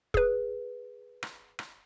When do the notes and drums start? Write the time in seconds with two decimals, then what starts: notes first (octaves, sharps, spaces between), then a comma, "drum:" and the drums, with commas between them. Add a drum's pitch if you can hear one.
0.14 G#4 B4, drum: kick
1.23 drum: rim click
1.59 drum: rim click